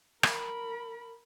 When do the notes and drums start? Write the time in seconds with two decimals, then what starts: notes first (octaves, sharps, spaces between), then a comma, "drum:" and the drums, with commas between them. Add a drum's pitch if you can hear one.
0.23 A#4 B5, drum: rim click